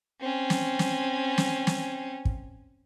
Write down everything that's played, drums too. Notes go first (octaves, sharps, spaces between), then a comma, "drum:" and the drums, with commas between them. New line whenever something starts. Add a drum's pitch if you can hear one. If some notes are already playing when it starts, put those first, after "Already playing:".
C4 C#4
drum: snare
drum: snare
drum: snare
drum: snare
drum: kick